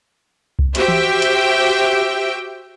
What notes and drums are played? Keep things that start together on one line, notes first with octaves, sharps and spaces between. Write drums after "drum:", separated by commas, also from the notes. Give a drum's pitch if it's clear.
drum: kick C2
F#4 G4 C5 E5 G5, drum: hi-hat
drum: tom E3
drum: hi-hat